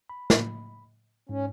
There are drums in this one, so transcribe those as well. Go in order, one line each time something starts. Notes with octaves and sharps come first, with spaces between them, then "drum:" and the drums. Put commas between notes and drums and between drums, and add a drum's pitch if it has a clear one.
B5
drum: snare
G#2 C#4